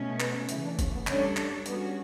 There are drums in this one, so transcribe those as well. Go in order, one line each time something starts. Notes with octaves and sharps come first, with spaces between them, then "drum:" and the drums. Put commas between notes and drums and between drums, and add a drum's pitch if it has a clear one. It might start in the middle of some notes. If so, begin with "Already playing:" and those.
Already playing: B2 A3 C#4
B4, drum: clap
C#3 E3 A3 E4, drum: hi-hat
D4
C#4, drum: kick, hi-hat
B3
G3 C#4 D4 A4 C#5, drum: clap
drum: clap
G3 B3 C#4 F#4, drum: hi-hat